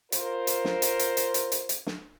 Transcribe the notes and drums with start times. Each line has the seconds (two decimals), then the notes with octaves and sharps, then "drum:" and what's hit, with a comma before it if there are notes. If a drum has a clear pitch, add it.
0.12 F4 A#4 C5, drum: hi-hat
0.47 drum: hi-hat
0.65 drum: snare
0.82 drum: hi-hat
0.99 drum: hi-hat
1.17 drum: hi-hat
1.34 drum: hi-hat
1.52 drum: hi-hat
1.69 drum: hi-hat
1.86 drum: snare